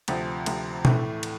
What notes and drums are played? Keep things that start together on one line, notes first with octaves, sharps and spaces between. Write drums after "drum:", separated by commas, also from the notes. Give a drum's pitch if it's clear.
D2 C3 F3 C4, drum: cymbal
D2 C3 F3 C4, drum: cymbal
A2 E3 A3, drum: tom B2
drum: cymbal